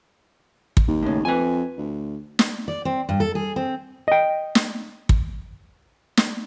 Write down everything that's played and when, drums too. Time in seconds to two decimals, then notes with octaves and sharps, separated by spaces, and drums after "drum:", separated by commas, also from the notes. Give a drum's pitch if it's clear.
0.77 drum: kick
0.88 D#2
1.02 A2 C#3
1.25 F2 B4 G#5
1.78 D2
2.39 drum: snare
2.68 D5
2.85 C4
3.09 G2
3.20 A4
3.35 G#4
3.56 C4
4.08 D#5 G5
4.55 drum: snare
5.09 drum: kick
6.17 drum: snare